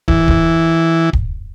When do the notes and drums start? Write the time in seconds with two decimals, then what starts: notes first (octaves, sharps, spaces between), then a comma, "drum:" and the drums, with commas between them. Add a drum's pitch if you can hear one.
0.08 E3, drum: kick
0.28 drum: kick
1.13 drum: kick